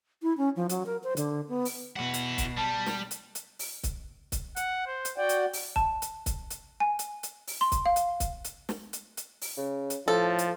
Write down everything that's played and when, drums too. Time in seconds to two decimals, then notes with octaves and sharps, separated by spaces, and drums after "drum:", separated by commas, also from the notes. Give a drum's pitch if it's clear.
0.23 E4
0.37 C#4
0.56 F3
0.69 F#3, drum: hi-hat
0.86 A#4
1.04 C5
1.17 D3, drum: hi-hat
1.49 B3
1.65 drum: open hi-hat
1.96 B2 E4 F#5
2.14 drum: hi-hat
2.38 drum: kick, hi-hat
2.57 G3 A5
2.86 drum: snare
3.11 drum: hi-hat
3.35 drum: hi-hat
3.59 drum: open hi-hat
3.83 drum: kick, hi-hat
4.32 drum: kick, hi-hat
4.56 F#5, drum: hi-hat
4.87 C5
5.05 drum: hi-hat
5.18 F#4 D5 F#5 G5
5.29 drum: hi-hat
5.53 drum: open hi-hat
5.76 A5, drum: kick
6.02 drum: hi-hat
6.26 drum: kick, hi-hat
6.50 drum: hi-hat
6.80 G#5
6.99 drum: hi-hat
7.23 drum: hi-hat
7.47 drum: open hi-hat
7.61 C6
7.72 drum: kick, hi-hat
7.86 F5
7.96 drum: hi-hat
8.20 drum: kick, hi-hat
8.44 drum: hi-hat
8.69 drum: snare
8.93 drum: hi-hat
9.17 drum: hi-hat
9.41 drum: open hi-hat
9.57 C#3
9.90 drum: hi-hat
10.08 A2 F3 A4
10.39 drum: hi-hat